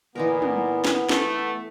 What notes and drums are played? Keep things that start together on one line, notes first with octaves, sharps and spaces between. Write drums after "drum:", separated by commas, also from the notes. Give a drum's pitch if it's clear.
A#2 E3 B3 D#4 A#4
drum: tom
drum: snare
A3, drum: snare